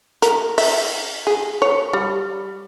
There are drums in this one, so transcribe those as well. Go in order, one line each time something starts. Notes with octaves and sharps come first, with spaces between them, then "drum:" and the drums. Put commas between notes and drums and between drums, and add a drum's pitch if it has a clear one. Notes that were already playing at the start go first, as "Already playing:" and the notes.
A#4, drum: hi-hat
E5, drum: open hi-hat
G#4
C#5
G3